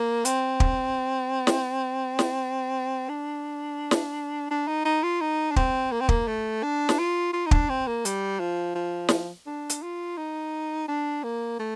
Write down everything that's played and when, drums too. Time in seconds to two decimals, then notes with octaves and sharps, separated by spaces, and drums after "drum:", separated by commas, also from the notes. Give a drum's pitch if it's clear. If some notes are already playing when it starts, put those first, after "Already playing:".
Already playing: A#3
0.25 C4, drum: hi-hat
0.60 drum: kick
1.47 drum: snare
2.19 drum: snare
3.09 D4
3.91 drum: snare
4.50 D4
4.68 D#4
4.85 D#4
5.03 F4
5.21 D#4
5.51 D4
5.56 C4, drum: kick
5.92 A#3
6.00 C4
6.09 A#3, drum: kick
6.27 A3
6.62 D4
6.89 drum: snare
6.98 F4
7.33 F4
7.46 D#4
7.51 D4, drum: kick
7.69 C4
7.87 A#3
8.05 G3, drum: hi-hat
8.39 F3
8.75 F3
9.09 drum: snare
9.46 D4
9.70 drum: hi-hat
9.82 F4
10.17 D#4
10.88 D4
11.23 A#3
11.59 A3